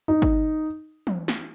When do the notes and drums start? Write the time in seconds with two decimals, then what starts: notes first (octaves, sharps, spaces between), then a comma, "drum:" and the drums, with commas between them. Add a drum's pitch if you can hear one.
0.08 D#4
0.22 drum: kick G#1
1.07 drum: tom
1.28 drum: snare